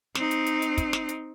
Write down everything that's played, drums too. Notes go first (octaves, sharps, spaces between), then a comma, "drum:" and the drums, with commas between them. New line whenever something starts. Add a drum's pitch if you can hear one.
C4 D#4, drum: snare
drum: hi-hat
drum: hi-hat
drum: hi-hat
drum: kick, hi-hat
drum: snare
drum: hi-hat